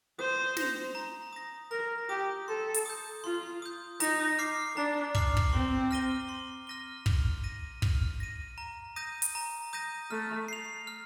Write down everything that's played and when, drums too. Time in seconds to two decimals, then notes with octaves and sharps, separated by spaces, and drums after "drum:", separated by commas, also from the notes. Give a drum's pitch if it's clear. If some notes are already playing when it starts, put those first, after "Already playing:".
0.19 C5 D#6
0.57 A#6 F7, drum: snare
0.95 A#5
1.33 D#6 A#6
1.71 A#4 A#5
2.09 G4 D#6 A#6
2.48 A4 C6
2.74 drum: hi-hat
2.86 D#6 G6
3.24 F4 C6
3.62 D#6 G6
4.00 D#4 A#5, drum: hi-hat
4.39 D6 F6 C7
4.76 D4 A#5
5.15 D6 F6 C7, drum: kick
5.37 drum: kick
5.53 C4 C6
5.91 F6 A#6 D#7 G7
6.29 C6
6.67 F6 A#6 D#7 G7
7.06 F6, drum: kick
7.44 A#6 D#7
7.82 F6, drum: kick
8.20 A#6 D#7
8.58 A#5
8.96 D#6 G6 A#6 D#7
9.22 drum: hi-hat
9.35 A#5
9.73 D#6 G6 A#6 D#7
10.11 A3 F6
10.48 C7 F7
10.87 F6